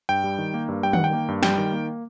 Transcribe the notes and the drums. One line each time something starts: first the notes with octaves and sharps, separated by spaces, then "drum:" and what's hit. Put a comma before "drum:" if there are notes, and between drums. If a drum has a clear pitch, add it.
G2 G5
G3
D#3
A#3
G2
G3 G5
D#3 F#5, drum: tom D#3
G5
A#3
G2
G3 G5, drum: snare
D#3
A#3